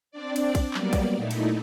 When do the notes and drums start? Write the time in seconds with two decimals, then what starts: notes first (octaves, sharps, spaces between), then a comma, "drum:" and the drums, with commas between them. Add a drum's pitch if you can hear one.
0.11 C4 D4 D5
0.36 drum: cymbal
0.55 drum: kick, cymbal
0.74 F#3 G3 A#3 B3 D5, drum: clap
0.93 drum: kick, cymbal
1.16 A#2 A3 D#4 E4
1.31 drum: cymbal